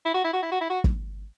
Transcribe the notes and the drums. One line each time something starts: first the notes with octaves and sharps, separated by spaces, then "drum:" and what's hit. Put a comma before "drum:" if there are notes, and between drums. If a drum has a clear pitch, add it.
E4
F#4
E4
F#4
E4
F#4
E4
F#4
drum: kick